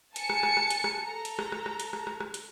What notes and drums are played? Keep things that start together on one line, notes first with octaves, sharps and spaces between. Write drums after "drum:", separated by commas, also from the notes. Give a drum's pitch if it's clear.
G#5 A5 C#7, drum: hi-hat
drum: rim click
drum: rim click
drum: rim click
drum: hi-hat
drum: rim click
A4 A#5
drum: hi-hat
drum: rim click
drum: rim click
drum: rim click
drum: hi-hat
drum: rim click
drum: rim click
drum: rim click
drum: hi-hat